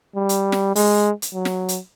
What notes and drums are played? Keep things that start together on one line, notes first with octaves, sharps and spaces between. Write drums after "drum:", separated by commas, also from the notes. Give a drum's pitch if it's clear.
G3
drum: hi-hat
drum: snare
G#3, drum: open hi-hat
drum: hi-hat
F#3
drum: snare
drum: hi-hat